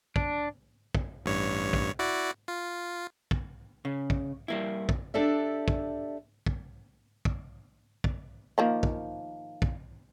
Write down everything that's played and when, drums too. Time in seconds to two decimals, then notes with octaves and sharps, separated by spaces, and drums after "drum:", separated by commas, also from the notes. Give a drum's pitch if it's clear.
0.16 D4, drum: kick
0.95 drum: kick
1.26 A1 G2 C#5
1.73 drum: kick
1.99 E4 F#4 D5
2.48 F4
3.31 drum: kick
3.85 C#3
4.10 drum: kick
4.48 G3 A#3 E4
4.89 drum: kick
5.14 D4 G4 A4 D5 E5
5.68 drum: kick
6.46 drum: kick
7.25 drum: kick
8.04 drum: kick
8.58 D#3 F3 A#3
8.83 drum: kick
9.62 drum: kick